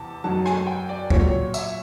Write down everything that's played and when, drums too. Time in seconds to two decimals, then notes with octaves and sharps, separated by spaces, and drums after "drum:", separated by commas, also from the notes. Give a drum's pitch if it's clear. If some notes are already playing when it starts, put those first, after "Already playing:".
Already playing: E2 C3 A5
0.24 F#2 D#3 F#3 A5
0.46 G#5, drum: rim click
0.67 G5
0.89 D5
1.10 A#2 F#3 C#5, drum: kick
1.54 E5, drum: tambourine